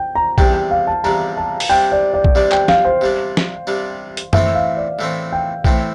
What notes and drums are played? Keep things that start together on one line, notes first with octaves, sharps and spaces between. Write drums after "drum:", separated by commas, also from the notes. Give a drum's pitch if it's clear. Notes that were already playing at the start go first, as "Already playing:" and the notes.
Already playing: G5
A#5
E2 C3 G3 D4 G5, drum: kick A#1
G5
F5
A5
E2 C3 G3 D4 A#5
A5
drum: open hi-hat
C3 G3 D4 G5
D5
D5
drum: kick A#1
C3 G3 D4 D5
G5, drum: clap
F5, drum: snare
C5
C3 G3 D4
drum: snare
C3 G3 D4
drum: hi-hat
A2 E3 A3 C4 E5, drum: tom F#2
F5
D5
A2 E3 A3 C4
G5
A2 E3 A3 C4 G5, drum: kick A#1